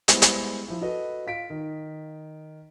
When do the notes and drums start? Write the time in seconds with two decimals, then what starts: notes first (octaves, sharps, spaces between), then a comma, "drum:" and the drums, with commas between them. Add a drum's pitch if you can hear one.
0.08 G3 G#3 B3 E4 C5, drum: hi-hat
0.22 drum: hi-hat
0.68 F3 E4
0.81 F#4 A4 B4 D#5
1.27 F4 B6 D7
1.50 D#3